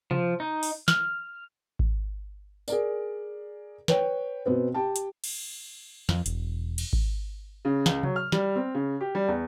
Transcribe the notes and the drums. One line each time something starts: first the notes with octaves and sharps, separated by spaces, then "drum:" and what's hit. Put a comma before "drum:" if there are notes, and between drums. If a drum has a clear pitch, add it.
F3, drum: tom C3
D#4
drum: open hi-hat
F6, drum: snare
drum: kick G#1
G#4 A#4 D5, drum: tambourine
B4 C#5 G5, drum: snare
B2 B3 C4
G4 G5 A5
drum: hi-hat
drum: cymbal
F2, drum: snare
E1, drum: hi-hat
drum: cymbal
drum: kick G#1
C#3
C#2, drum: snare
F#3, drum: tom C3
F6
G3, drum: snare
C4
C#3
G4
G3
E2